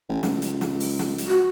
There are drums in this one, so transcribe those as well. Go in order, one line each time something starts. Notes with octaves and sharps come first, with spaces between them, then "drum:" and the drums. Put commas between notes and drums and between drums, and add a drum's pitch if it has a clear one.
A1
C#2, drum: snare
drum: hi-hat
drum: snare
drum: open hi-hat
drum: snare
drum: hi-hat
F#4